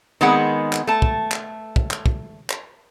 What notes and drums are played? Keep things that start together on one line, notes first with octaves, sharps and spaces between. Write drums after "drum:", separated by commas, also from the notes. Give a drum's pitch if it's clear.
D#3 G#3 B3 C4 G#4 F#5
drum: clap
A3 A5
drum: kick
drum: clap
drum: kick
drum: clap
drum: kick
drum: clap